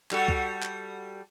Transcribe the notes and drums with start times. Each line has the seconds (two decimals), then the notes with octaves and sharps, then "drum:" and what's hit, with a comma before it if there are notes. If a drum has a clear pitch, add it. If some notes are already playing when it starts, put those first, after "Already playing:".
0.11 G3 F#4 A4, drum: clap
0.28 drum: kick C2
0.63 drum: clap